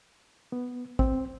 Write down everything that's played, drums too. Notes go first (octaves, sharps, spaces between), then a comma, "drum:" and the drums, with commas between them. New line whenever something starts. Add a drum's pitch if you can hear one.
B3
C4, drum: kick A1